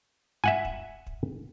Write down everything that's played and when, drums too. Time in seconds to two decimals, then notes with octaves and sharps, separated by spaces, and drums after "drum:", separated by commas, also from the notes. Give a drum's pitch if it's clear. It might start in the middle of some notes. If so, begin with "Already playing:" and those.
0.44 E5 F#5 G#5
0.65 drum: kick
1.07 drum: kick